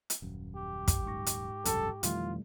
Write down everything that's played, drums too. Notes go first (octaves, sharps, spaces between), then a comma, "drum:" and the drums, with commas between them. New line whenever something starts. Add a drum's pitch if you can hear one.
drum: hi-hat
D#1 F#2
G4
drum: kick, hi-hat
G#2 C#6 A#6
drum: hi-hat
E1 C2 F#2 A4, drum: hi-hat
F2 B2 D#3 E3 G3 A3 F4, drum: hi-hat